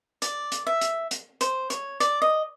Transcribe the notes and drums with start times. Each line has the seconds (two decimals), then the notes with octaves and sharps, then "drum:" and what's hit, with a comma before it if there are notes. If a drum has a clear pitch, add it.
0.22 D5, drum: hi-hat
0.52 drum: hi-hat
0.67 E5
0.81 drum: hi-hat
1.11 drum: hi-hat
1.41 C5, drum: hi-hat
1.70 C#5, drum: hi-hat
2.00 D5, drum: hi-hat
2.22 D#5